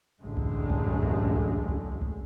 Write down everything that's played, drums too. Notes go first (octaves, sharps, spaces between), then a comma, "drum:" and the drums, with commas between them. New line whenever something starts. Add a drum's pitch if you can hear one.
A1 F#2 A2 D3 G#3 A3
drum: kick C2
drum: kick C2
drum: kick C2
drum: kick C2
drum: kick C2
drum: kick C2